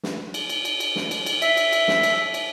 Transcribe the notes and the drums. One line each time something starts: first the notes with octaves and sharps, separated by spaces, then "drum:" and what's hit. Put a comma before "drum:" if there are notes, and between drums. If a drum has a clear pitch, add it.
drum: snare
drum: cymbal
drum: cymbal
drum: cymbal
drum: cymbal
drum: snare
drum: cymbal
drum: cymbal
E5, drum: cymbal
drum: cymbal
drum: cymbal
drum: snare
drum: cymbal
drum: cymbal